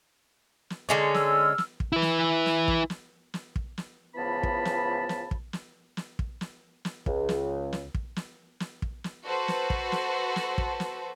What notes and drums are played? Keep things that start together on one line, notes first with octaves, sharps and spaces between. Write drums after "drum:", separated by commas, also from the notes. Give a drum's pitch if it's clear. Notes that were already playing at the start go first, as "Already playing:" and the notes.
drum: snare
D3 G#3 C#4
E6 F6, drum: snare
drum: snare
drum: kick
E4 B4
drum: snare
drum: snare
drum: kick
drum: snare
drum: snare
drum: kick
drum: snare
C#2 E3 F3 B3 A5 B5
drum: kick
drum: snare
drum: snare
drum: kick
drum: snare
drum: snare
drum: kick
drum: snare
drum: snare
C#2, drum: kick
drum: snare
drum: snare
drum: kick
drum: snare
drum: snare
drum: kick
drum: snare
F#4 A4 B4 C5
drum: snare
drum: kick
drum: snare
drum: snare
drum: kick
drum: snare